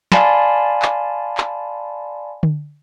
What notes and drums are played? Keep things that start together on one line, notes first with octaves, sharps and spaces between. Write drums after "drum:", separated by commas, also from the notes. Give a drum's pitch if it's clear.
D5 F5 G#5 A5 B5 C6, drum: snare
drum: clap
drum: clap
drum: tom D3